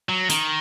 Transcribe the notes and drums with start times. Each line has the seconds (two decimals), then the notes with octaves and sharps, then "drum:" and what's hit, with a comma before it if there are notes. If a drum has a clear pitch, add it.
0.09 F#3
0.30 D#3, drum: hi-hat